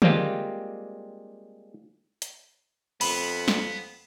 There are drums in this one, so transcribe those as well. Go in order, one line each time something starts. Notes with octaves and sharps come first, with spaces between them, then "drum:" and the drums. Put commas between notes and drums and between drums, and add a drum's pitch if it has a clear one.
G3 G#3 A#3 C4 F4 G4, drum: tom
drum: hi-hat
F2 B3 B5, drum: cymbal
drum: snare